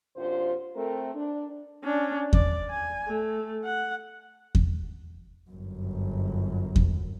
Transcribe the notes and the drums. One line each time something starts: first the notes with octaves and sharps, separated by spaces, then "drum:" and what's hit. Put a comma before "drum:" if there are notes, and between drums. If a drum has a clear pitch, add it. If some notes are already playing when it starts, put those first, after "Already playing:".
F#2 C3 D4 F4 C5
A3 C4 A#4
D4
C#4 D4
D5, drum: kick E2
G#5
A3
F#5
drum: kick E2
G1 F#2
drum: kick E2